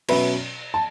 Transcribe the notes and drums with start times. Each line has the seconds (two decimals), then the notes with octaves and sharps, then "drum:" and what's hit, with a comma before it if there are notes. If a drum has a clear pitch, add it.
0.08 B2 F#3 C#4 B4 E5, drum: cymbal
0.74 A5